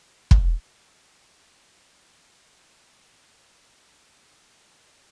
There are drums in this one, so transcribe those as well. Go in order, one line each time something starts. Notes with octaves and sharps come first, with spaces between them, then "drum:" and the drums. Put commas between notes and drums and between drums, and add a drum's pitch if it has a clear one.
drum: kick
F5
F#3